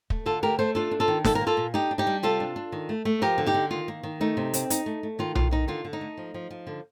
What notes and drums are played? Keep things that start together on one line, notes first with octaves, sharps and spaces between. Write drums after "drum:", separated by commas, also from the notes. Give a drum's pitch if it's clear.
A3, drum: kick
D3 F4 A4
A3 G4 A#4
A3 A4 C5
D4 F4 A4
D4
F4 A4
D#3
A#2 A4, drum: snare
A#4
A#3
F4 A4
A#2
D4 D#4 G4
D4
D#4 G4
G3
C3 F4 A4
D4
D4
D#3
A3
A3
F3 G4 A#4
D3
D#4 G4
D3
D#3 F4
A#3
D#3
A3 D#4
C3
C4, drum: hi-hat
D#4, drum: hi-hat
A3
A3
D#3 F4
D#3 F4, drum: tom B1
D#3 D#4
D3 F4
D3
D#4
A3
F3
F3
F3
D3